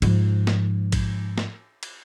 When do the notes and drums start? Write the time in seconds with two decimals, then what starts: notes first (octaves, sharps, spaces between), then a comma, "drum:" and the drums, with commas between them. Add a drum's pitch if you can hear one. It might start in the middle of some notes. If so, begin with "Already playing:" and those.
0.02 G#2 F3, drum: cymbal
0.47 drum: snare
0.92 drum: kick A1, cymbal
1.38 drum: snare
1.83 drum: cymbal